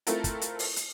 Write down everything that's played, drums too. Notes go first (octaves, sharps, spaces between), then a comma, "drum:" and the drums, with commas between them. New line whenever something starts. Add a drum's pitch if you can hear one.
A3 C4 E4 F4 A4 A#4, drum: hi-hat
drum: kick, hi-hat
drum: hi-hat
drum: open hi-hat
drum: hi-hat